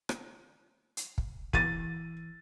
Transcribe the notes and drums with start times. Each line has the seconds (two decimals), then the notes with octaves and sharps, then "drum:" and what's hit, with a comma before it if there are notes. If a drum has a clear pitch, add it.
0.09 drum: rim click
0.97 drum: hi-hat
1.18 drum: kick
1.53 E3 A6 D#7, drum: kick